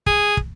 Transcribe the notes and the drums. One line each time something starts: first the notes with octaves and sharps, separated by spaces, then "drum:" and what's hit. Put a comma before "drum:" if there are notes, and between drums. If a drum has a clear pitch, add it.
G#4, drum: kick
drum: kick